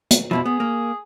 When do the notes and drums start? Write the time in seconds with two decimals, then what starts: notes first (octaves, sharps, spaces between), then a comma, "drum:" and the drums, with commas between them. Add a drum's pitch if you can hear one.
0.11 drum: hi-hat
0.31 F2 B2 F3 E4
0.46 B3 G#4
0.60 A#3